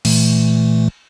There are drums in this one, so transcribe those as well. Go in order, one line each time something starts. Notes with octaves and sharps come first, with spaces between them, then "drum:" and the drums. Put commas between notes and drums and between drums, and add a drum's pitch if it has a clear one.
A#2 E3 A3, drum: cymbal